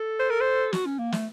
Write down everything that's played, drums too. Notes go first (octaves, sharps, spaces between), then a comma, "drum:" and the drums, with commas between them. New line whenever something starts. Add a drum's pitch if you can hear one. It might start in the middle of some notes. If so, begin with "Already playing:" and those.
Already playing: A4
C5
A#4
C5
F#4, drum: snare
C#4
A#3
A3, drum: snare